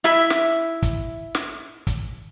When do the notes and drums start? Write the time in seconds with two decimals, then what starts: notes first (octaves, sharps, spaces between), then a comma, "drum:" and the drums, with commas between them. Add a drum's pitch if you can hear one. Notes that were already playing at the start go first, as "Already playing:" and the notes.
0.04 E4 E5
0.30 drum: snare
0.82 drum: kick, hi-hat
1.35 drum: snare
1.87 drum: kick, hi-hat